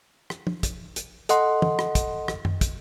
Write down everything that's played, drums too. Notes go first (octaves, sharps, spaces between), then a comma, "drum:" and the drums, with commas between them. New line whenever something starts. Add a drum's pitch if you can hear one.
drum: rim click
drum: tom
drum: kick, hi-hat
drum: hi-hat
A4 D#5 F#5 C6, drum: hi-hat
drum: tom
drum: rim click
drum: kick, hi-hat
drum: rim click
drum: tom F#2
drum: kick, hi-hat